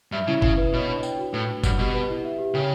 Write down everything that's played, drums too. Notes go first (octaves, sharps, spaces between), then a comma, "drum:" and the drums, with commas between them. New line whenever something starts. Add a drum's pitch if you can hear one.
G2 E5
C#3 E4
C#3 E4, drum: kick F#1
B4
B2 C#5
D4
G5, drum: tambourine
F#4
A2 B4
D4
G2 F#5, drum: kick F#1, tambourine
B2 G4
B4
E4
E5
G4
C#3 G5